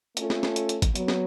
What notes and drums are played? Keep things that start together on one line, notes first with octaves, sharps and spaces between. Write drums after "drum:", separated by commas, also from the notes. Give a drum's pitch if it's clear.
A3 C#4 F4 A4, drum: hi-hat
drum: snare
drum: snare
drum: hi-hat
drum: hi-hat
drum: kick G#1, hi-hat
F#3 B3, drum: hi-hat
drum: snare